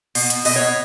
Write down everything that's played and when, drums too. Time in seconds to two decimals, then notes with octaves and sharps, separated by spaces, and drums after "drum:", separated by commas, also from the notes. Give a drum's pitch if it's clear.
0.15 B2, drum: open hi-hat
0.30 drum: hi-hat
0.45 B2 D#5, drum: open hi-hat
0.56 C#5